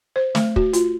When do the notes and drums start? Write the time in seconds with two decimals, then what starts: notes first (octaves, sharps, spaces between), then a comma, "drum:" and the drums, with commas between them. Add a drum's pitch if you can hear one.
0.16 C5
0.35 A3, drum: snare
0.56 F#4, drum: kick
0.73 F4, drum: hi-hat